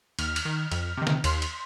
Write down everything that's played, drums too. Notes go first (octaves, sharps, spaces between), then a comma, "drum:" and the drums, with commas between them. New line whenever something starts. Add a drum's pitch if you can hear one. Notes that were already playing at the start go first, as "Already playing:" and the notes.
D#2 F6, drum: cymbal
drum: cymbal
D#3
F2, drum: cymbal
C3 D#3
drum: snare D3
D#2 C6, drum: cymbal
drum: cymbal